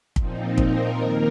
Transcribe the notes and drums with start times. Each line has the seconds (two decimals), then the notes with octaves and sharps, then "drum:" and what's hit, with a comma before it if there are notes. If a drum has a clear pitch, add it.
0.16 A#2 F3 C4 D#4, drum: kick
0.58 A#4, drum: kick
0.98 D#2 D#3 A#3